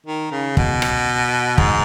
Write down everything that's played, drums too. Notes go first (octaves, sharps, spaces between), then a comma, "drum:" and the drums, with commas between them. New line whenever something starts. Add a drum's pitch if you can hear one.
D#3
C#3
B2, drum: kick
drum: rim click
G#2, drum: kick